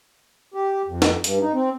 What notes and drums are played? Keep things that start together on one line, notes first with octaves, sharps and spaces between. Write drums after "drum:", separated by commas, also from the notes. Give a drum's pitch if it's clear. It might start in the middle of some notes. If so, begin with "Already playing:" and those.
G4
F2
drum: snare
G2, drum: hi-hat
D#4
C4